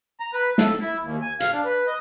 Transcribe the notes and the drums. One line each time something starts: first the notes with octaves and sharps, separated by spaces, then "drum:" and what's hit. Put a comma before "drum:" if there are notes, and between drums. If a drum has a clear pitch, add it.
A#5
B4
A4, drum: snare
E4
D#2
G#5
F5, drum: hi-hat
D4
B4
D#5